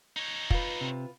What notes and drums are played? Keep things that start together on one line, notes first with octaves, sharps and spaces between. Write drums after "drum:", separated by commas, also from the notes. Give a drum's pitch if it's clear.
D#4 C#5
F4 B4, drum: kick
C3